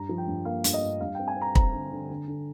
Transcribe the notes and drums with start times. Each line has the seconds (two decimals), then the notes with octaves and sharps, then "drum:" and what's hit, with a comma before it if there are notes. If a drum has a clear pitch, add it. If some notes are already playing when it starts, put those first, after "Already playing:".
Already playing: G2 A#5
0.09 F3
0.18 G5
0.28 G2
0.45 A#3 F5
0.64 G2, drum: hi-hat
0.73 D#5
0.83 G2
1.01 G2 F5
1.15 C4 G5
1.28 G#5
1.36 C4
1.41 A#5
1.55 C4 A#5, drum: kick
1.73 D3
1.92 D3
2.10 D3
2.28 D3